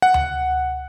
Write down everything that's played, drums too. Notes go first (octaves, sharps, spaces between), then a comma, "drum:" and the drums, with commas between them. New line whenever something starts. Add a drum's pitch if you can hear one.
F#5
drum: tom D2